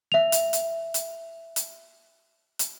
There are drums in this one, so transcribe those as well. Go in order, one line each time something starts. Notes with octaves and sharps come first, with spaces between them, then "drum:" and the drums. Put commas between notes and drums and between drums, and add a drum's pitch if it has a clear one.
E5 F7
drum: hi-hat
drum: hi-hat
drum: hi-hat
drum: hi-hat
drum: hi-hat